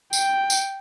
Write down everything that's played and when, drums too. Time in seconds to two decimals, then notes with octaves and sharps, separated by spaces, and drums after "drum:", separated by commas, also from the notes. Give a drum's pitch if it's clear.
0.13 G5, drum: tambourine
0.50 drum: tambourine